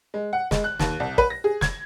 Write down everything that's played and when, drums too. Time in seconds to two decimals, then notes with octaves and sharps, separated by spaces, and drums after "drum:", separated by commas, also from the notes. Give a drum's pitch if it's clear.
0.14 G#3
0.33 F#5
0.51 G#3, drum: snare
0.64 F#6
0.79 D#2, drum: snare
1.00 C2
1.18 B4, drum: kick
1.30 A#6
1.44 G#4
1.61 G#6, drum: snare